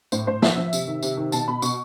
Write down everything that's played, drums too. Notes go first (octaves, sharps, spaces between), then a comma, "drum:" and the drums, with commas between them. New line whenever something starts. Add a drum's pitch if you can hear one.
A2 C5, drum: tambourine
A2 C5
F3 E5, drum: snare
F3
C3, drum: tambourine
D#3
C3, drum: tambourine
D#3
B2 A5, drum: tambourine
B2 B5
B2 C#6, drum: tambourine